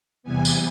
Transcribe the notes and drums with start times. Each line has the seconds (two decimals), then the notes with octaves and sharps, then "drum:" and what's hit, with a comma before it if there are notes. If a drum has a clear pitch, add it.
0.23 E2 C3 E3 G3 B3 G#5
0.45 drum: tambourine